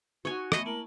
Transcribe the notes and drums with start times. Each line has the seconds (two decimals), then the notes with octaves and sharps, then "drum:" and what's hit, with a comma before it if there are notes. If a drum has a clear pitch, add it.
0.25 D#4 F#4 C#5 G#5
0.52 A3 B3 D#5 E5, drum: rim click
0.66 A#3 E4 A#4 A5 F#7